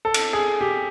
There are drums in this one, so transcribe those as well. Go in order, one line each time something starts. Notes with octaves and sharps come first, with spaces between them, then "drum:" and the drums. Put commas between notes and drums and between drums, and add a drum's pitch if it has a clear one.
A4
drum: cymbal
G#4
G4